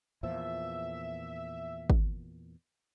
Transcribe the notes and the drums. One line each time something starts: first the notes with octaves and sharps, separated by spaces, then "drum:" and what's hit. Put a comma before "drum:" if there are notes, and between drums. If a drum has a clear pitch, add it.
E2 A#2 F3 E5
drum: kick G#1